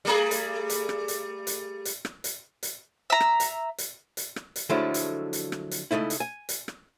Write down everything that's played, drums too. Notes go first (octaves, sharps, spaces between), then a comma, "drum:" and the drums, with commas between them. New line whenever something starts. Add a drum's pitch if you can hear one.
G3 A3 G#4
drum: hi-hat
drum: hi-hat
drum: rim click
drum: hi-hat
drum: hi-hat
drum: hi-hat
drum: rim click
drum: hi-hat
drum: hi-hat
E5 A#5
drum: rim click
drum: hi-hat
drum: hi-hat
drum: hi-hat
drum: rim click
drum: hi-hat
D3 F3 F#3 G#3 A3 E4
drum: hi-hat
drum: hi-hat
drum: rim click
drum: hi-hat
C#2 A#2 A3 D#4 E4
drum: hi-hat
G#5
drum: hi-hat
drum: rim click